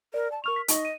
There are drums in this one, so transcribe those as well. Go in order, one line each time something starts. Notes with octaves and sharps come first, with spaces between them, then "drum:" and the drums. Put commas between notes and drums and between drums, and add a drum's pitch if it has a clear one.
A#4 D5
A5
A#4 C#6 F6 F7
B6
D#4 D#5 C#6, drum: hi-hat
D#7